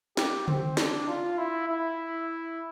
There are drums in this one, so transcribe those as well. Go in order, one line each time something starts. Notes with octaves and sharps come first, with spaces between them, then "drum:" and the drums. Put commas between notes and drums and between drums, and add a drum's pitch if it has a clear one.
G4, drum: snare
C4, drum: tom C#3
D4, drum: snare
F4
E4
E4